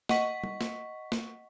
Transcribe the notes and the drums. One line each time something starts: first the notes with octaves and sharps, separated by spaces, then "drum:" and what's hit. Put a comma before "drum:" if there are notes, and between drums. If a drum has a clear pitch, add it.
D#5 F#5 C#6 B6, drum: snare
drum: tom
drum: snare
drum: snare